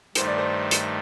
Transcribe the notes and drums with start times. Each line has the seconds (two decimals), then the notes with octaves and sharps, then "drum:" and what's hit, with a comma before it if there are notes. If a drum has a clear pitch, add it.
0.15 G2 D#3 A3 C5, drum: hi-hat
0.28 D5
0.38 C5
0.71 drum: hi-hat